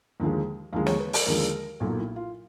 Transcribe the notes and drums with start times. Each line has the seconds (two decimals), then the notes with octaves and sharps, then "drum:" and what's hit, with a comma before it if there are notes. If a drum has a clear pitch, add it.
0.20 D#2 D3 F3 G#3
0.73 D#2 D3 F3 G#3 F5
0.86 C#5, drum: snare
1.00 B4
1.13 A#4, drum: open hi-hat
1.26 D#2 D3 F3 G#3 A#4
1.80 B1 A#2 F#3 A4
1.98 E4
2.16 F4